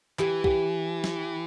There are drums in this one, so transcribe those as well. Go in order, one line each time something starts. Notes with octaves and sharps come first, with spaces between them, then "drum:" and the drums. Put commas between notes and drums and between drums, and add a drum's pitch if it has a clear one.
E3 G4, drum: clap
G4, drum: kick
drum: snare